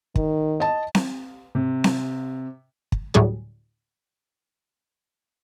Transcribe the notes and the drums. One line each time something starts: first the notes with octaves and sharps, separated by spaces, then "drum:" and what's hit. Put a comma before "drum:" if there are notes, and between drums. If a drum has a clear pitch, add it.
D#3, drum: kick
D#5 A5
drum: snare C4
C3
drum: snare C4
drum: kick
D2 A2 F#3 G3 G#4 C#5